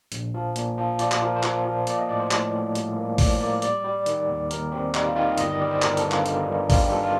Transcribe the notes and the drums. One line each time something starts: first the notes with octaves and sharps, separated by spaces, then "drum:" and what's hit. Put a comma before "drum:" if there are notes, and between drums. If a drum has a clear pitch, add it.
A#1, drum: hi-hat
F3
A#2, drum: hi-hat
F3
F3 D5, drum: hi-hat
C5, drum: clap
F3 A#4
C5
F3, drum: clap
F3
A#3 D5, drum: hi-hat
D#5
A2 D5
C5
A2, drum: clap
A2
G3, drum: hi-hat
A#3
A2 D5, drum: kick, open hi-hat
A#3 D5
G3 D5, drum: hi-hat
G3
D#3, drum: hi-hat
D#2
D#2 A#4, drum: hi-hat
C4 G4
G3 D#4, drum: clap
F4
D#3 F4
D#5
G1 D#5, drum: hi-hat
D#5
G3 D5
C5
G1 A#4, drum: clap
A4, drum: hi-hat
G2
F4, drum: clap
D3 D#4, drum: hi-hat
G2
G3 F4, drum: kick, open hi-hat
G4
G2 A4
F4